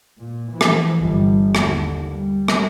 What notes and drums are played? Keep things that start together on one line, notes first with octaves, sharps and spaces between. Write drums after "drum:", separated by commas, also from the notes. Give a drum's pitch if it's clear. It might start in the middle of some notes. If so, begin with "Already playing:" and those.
A#2
E3 F3
drum: rim click
G1 G3
D#2 D3, drum: rim click
G3
drum: rim click